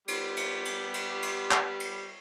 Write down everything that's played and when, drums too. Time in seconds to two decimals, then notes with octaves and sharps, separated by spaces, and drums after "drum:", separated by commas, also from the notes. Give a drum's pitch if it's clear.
0.08 G3 B3 G4, drum: cymbal
0.37 drum: cymbal
0.65 drum: cymbal
0.94 drum: cymbal
1.23 drum: cymbal
1.51 drum: clap
1.80 drum: cymbal